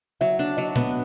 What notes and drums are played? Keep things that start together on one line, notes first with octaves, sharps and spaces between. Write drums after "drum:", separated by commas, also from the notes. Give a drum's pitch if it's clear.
F#3 E5
D4
F#3 D#5
B3, drum: tom A#2